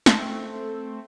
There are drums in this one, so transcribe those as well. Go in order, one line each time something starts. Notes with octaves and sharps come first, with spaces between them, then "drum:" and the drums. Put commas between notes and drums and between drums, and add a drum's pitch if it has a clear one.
A3 C4, drum: snare